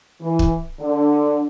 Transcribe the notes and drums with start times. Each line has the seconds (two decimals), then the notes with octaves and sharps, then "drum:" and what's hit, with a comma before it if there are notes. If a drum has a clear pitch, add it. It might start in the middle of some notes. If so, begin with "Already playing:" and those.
0.20 E3
0.39 drum: kick
0.80 D3